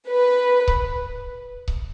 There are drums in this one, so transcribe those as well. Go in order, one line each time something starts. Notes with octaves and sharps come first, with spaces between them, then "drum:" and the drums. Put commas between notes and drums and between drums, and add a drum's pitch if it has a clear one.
B4
drum: kick C#1
drum: kick C#1